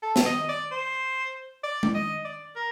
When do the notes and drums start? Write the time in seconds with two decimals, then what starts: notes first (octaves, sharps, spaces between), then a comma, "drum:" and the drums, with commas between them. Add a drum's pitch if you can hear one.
0.03 A4
0.16 drum: snare
0.26 D#5
0.49 D5
0.71 C5
1.64 D5
1.83 drum: tom G#3
1.95 D#5
2.25 D5
2.56 A#4